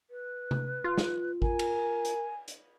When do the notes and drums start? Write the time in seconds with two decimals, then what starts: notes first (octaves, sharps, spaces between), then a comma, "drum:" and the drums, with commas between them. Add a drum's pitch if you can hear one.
0.10 B4
0.51 drum: tom C3
0.84 F4
0.98 drum: snare
1.42 A#4 G#5, drum: kick G#1
1.59 drum: cymbal
2.05 drum: hi-hat
2.48 drum: hi-hat